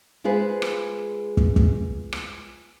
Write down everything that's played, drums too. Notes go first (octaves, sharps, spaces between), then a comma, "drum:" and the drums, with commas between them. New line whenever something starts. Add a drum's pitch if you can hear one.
G#3 F4 G#4 B4 C5
drum: rim click
drum: kick
drum: kick
drum: rim click